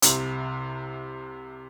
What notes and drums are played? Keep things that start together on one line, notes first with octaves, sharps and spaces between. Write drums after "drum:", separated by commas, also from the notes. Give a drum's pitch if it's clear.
C2 C3, drum: hi-hat